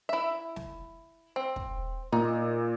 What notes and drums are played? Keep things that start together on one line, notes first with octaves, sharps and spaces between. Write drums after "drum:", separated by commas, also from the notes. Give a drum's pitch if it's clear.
E4 E5
drum: snare
C4
drum: kick
A#2 D#4